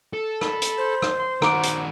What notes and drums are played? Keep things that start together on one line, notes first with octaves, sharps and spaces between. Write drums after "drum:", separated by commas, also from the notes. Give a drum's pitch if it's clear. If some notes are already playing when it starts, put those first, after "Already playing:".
A4
B5, drum: rim click
drum: hi-hat
C5
drum: rim click
C6
D#3 F#4 F#5 A#5 D6 D7, drum: rim click
drum: hi-hat